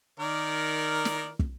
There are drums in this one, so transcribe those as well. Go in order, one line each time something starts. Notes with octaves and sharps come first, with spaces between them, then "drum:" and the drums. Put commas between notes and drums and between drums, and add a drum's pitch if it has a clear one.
D#3 A#4 D5
drum: snare
drum: kick